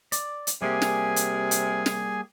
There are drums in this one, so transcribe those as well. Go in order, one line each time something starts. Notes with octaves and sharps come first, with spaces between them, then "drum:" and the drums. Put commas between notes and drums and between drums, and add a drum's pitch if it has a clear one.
D5, drum: hi-hat
drum: hi-hat
C3 G3 A#3 G4 G#4 G#5
drum: snare
drum: hi-hat
drum: hi-hat
drum: snare